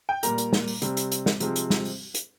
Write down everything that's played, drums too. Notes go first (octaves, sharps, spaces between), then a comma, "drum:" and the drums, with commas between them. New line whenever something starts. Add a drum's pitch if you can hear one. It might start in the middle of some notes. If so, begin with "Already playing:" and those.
G5
A#2 G3 A#3 A#5, drum: hi-hat
drum: hi-hat
drum: snare
drum: open hi-hat
C3 G3 C4, drum: hi-hat
drum: hi-hat
drum: hi-hat
drum: snare
C3 F3 G#3 C4, drum: hi-hat
drum: hi-hat
drum: snare
drum: open hi-hat
drum: hi-hat